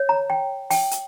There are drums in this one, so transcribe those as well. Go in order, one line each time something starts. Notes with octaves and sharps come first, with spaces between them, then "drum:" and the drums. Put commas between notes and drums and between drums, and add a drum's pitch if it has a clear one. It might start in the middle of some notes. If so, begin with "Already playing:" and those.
Already playing: C#5
A#5
G5
G5, drum: open hi-hat
drum: hi-hat